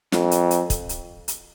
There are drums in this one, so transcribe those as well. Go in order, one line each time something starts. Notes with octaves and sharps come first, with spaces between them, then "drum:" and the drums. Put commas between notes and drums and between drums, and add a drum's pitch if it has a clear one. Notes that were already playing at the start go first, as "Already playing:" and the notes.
F2, drum: snare
drum: hi-hat
drum: hi-hat
drum: kick, hi-hat
drum: hi-hat
drum: hi-hat